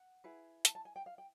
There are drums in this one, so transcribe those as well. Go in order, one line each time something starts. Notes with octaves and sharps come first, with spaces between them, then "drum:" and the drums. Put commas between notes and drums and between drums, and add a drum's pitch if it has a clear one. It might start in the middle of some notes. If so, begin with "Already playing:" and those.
Already playing: F#5
E4 G#4 B4
A5, drum: hi-hat
A5
G#5
G5
F5
G5